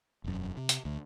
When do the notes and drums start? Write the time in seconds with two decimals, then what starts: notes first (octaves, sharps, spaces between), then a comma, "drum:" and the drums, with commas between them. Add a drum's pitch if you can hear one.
0.24 E1 F#2
0.57 C3
0.69 drum: hi-hat
0.85 D2